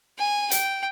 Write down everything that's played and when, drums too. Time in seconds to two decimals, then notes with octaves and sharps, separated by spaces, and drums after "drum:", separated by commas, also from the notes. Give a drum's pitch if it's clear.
0.19 G#5
0.51 G5, drum: hi-hat